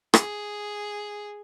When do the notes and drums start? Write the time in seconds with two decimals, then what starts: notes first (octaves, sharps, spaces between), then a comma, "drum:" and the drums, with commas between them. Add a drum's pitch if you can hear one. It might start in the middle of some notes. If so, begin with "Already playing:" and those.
0.14 G#4, drum: rim click